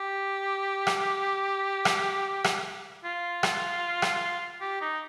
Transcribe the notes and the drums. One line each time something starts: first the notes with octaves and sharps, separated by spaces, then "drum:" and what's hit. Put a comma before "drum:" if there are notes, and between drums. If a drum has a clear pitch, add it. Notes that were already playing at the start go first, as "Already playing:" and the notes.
Already playing: G4
drum: rim click
drum: rim click
drum: rim click
F4
drum: rim click
drum: rim click
G4
D#4